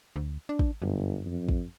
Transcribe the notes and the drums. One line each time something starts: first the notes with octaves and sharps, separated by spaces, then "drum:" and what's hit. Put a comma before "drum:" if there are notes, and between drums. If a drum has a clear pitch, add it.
D2
D4
drum: kick
G1 F#2
F2
drum: kick